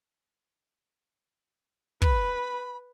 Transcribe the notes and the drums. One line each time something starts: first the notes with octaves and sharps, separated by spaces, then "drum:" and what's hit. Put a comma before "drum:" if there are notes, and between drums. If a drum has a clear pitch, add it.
B4 B5, drum: kick